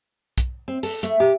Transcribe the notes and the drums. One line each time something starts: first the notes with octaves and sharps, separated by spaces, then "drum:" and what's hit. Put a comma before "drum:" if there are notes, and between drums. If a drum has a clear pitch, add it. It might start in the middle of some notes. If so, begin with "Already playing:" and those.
drum: kick, hi-hat
C4
A4, drum: open hi-hat
A3, drum: hi-hat
G4